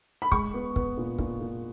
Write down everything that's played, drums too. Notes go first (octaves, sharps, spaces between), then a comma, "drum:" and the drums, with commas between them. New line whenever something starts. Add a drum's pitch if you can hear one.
B5
G#3 C#6, drum: kick
B3
B3, drum: kick
A#2
A#2, drum: kick
A#2